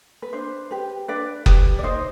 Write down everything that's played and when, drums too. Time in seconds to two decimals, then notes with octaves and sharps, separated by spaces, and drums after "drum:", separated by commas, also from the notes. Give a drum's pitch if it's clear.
0.22 B4
0.33 D4 C5
0.71 G4 B4
1.08 D4 B4 D5
1.46 G4 B4, drum: kick F#1
1.79 D5
1.83 D#4 C5 D#5